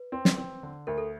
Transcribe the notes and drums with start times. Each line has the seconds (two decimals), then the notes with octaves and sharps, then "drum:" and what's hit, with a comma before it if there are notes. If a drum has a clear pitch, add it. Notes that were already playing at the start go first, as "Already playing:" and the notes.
Already playing: B4
0.12 C4
0.25 drum: snare
0.38 C4
0.63 D3
0.87 D2 A#4
0.98 A4